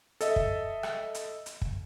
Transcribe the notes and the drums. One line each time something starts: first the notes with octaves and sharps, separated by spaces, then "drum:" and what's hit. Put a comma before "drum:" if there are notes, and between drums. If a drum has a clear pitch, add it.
A4 D#5 E5, drum: hi-hat
drum: kick
drum: rim click
drum: hi-hat
drum: hi-hat
drum: kick